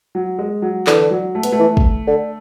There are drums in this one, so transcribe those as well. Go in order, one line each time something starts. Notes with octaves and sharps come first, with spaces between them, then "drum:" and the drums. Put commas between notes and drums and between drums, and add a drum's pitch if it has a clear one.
F#3
G#3
F#3
D3 E3, drum: clap
F#3
A3
B3, drum: hi-hat
A3
E3
drum: kick
D3